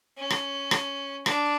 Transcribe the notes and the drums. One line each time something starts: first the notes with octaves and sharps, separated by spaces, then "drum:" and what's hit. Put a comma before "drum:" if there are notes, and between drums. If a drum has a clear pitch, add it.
C#4
drum: rim click
drum: rim click
D4, drum: rim click